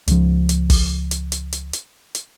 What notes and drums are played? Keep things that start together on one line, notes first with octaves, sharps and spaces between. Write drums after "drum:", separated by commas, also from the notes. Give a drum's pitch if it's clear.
C#2 F3, drum: hi-hat
drum: hi-hat
drum: kick, open hi-hat
drum: hi-hat
drum: hi-hat
drum: hi-hat
drum: hi-hat
drum: hi-hat